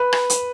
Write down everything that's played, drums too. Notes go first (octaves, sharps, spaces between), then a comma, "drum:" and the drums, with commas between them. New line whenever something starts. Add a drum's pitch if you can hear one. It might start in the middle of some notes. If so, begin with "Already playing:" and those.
Already playing: B4
drum: rim click
drum: hi-hat